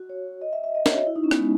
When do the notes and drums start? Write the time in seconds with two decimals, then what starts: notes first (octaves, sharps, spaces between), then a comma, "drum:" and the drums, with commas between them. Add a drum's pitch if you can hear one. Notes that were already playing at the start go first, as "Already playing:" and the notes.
Already playing: F#4
0.10 C#5
0.42 D#5
0.53 E5
0.64 E5
0.75 D#5
0.86 C#5, drum: snare
0.96 F#4
1.07 E4
1.16 D#4
1.24 C#4
1.31 B3, drum: rim click
1.39 G#3